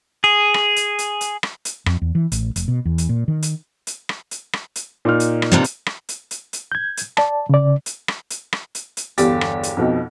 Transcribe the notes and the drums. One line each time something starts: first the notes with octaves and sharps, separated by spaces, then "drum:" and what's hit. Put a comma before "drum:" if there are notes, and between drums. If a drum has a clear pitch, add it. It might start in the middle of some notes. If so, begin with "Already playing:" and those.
G#4
drum: rim click
drum: hi-hat
drum: hi-hat
drum: hi-hat
drum: rim click
drum: hi-hat
F2, drum: rim click
E2
E3
A1, drum: hi-hat
F1, drum: hi-hat
B2
E2
drum: hi-hat
A#2
D#3
drum: hi-hat
drum: hi-hat
drum: rim click
drum: hi-hat
drum: rim click
drum: hi-hat
A#2 D#4 F6
drum: hi-hat
drum: rim click
G2 C3 G3
drum: hi-hat
drum: rim click
drum: hi-hat
drum: hi-hat
drum: hi-hat
G6 G#6
drum: hi-hat
D5 A5, drum: rim click
C#3 D5
drum: hi-hat
drum: rim click
drum: hi-hat
drum: rim click
drum: hi-hat
drum: hi-hat
G1 E2 G4 A6, drum: hi-hat
drum: rim click
drum: hi-hat
F2 B2 D#4